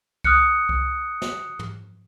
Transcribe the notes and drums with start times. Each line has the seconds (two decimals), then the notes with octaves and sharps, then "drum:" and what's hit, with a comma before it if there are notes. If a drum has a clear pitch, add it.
0.24 D#6 F6 F#6 C#7, drum: kick C2
0.69 drum: kick C2
1.22 drum: snare
1.59 drum: tom